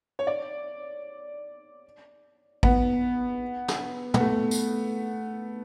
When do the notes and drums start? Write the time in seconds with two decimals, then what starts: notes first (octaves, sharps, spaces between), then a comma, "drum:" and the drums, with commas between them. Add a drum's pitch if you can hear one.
0.19 C#5
0.27 D5
2.63 B3, drum: kick
3.68 drum: snare
4.14 B3, drum: tom
4.20 A3
4.51 drum: tambourine